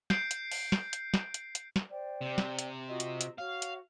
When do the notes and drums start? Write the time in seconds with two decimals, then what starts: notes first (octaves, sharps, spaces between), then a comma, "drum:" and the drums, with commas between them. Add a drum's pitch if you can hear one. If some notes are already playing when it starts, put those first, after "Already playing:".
0.10 G6 C7 D7, drum: snare
0.31 drum: hi-hat
0.51 drum: open hi-hat
0.72 drum: snare
0.93 drum: hi-hat
1.14 drum: snare
1.34 drum: hi-hat
1.55 drum: hi-hat
1.76 drum: snare
1.90 C5 D5 G5
2.21 C3
2.38 drum: snare
2.59 drum: hi-hat
2.88 F4 F#4 D#5
3.00 drum: hi-hat
3.21 drum: hi-hat
3.38 F#4 C#5 F5
3.62 drum: hi-hat